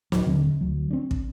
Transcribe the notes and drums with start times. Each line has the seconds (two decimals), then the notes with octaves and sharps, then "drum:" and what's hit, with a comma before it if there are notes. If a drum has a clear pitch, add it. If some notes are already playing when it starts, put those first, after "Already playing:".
0.12 D1 F#3, drum: snare
0.26 D#1 D3 C4
0.61 D2 F#3
0.91 C4 D4
1.11 drum: kick